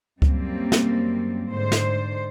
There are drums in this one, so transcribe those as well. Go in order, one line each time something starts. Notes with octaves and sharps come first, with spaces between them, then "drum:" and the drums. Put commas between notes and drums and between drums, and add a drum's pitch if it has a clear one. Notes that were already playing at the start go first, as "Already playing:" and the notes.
F#2 G3 A#3 C4, drum: kick C#2
drum: snare
G#2 D3 C5
drum: snare